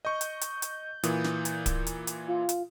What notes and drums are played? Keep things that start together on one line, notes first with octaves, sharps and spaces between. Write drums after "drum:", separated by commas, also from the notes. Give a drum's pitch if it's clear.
D#5 C#6 G6
drum: hi-hat
drum: hi-hat
drum: hi-hat
A#2 E3 D#6, drum: hi-hat
drum: snare
drum: hi-hat
drum: kick D1, hi-hat
drum: hi-hat
drum: hi-hat
F4
drum: hi-hat